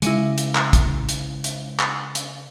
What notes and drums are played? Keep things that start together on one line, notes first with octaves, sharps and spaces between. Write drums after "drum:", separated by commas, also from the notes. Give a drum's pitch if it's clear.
C#3 G#3 E4, drum: hi-hat
drum: hi-hat
drum: clap
drum: kick, hi-hat
drum: hi-hat
drum: hi-hat
drum: clap
drum: hi-hat